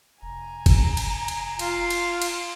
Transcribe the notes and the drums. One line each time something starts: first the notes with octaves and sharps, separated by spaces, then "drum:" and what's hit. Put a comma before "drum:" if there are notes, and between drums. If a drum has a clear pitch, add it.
F1 G#5 A#5
drum: kick G1, cymbal
drum: cymbal
drum: cymbal
F4, drum: cymbal
drum: cymbal
drum: cymbal